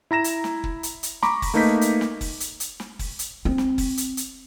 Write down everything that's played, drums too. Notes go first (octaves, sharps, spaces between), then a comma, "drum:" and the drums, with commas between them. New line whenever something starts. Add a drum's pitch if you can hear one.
E4 A#5 A#6 E7
drum: hi-hat
drum: snare
drum: kick
drum: hi-hat
drum: hi-hat
A#5 B5 C#6 D6, drum: snare
drum: kick, open hi-hat
A3 A#3 D#4 B4 G6 B6
drum: hi-hat
drum: snare
drum: kick, open hi-hat
drum: hi-hat
drum: hi-hat
drum: snare
drum: kick, open hi-hat
drum: hi-hat
C4
drum: snare
drum: kick, open hi-hat
drum: hi-hat
drum: hi-hat